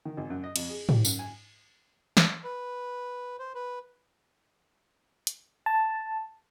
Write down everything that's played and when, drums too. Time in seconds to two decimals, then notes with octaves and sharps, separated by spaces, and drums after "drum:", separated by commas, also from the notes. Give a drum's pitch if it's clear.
0.05 D#3
0.17 G#1
0.30 F#2
0.44 D#5
0.56 F2, drum: cymbal
0.69 G#4
0.89 G4, drum: tom
1.05 F#2, drum: tambourine
1.19 G#5
2.17 drum: snare
2.44 B4
3.39 C5
3.55 B4
5.27 drum: hi-hat
5.66 A5